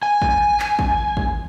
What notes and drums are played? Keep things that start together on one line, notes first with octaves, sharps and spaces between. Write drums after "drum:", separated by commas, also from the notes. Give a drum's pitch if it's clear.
G#5
drum: kick
drum: clap
drum: kick
drum: kick